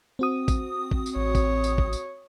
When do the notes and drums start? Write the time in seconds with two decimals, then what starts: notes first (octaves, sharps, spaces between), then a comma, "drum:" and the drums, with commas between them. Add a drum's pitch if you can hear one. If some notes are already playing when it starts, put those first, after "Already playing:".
0.19 C4 F#4 D#6
0.48 drum: kick A1, tambourine
0.91 drum: kick A1
1.06 drum: tambourine
1.16 A1 C#5
1.35 drum: kick A1, tambourine
1.64 drum: tambourine
1.78 drum: kick A1
1.93 drum: tambourine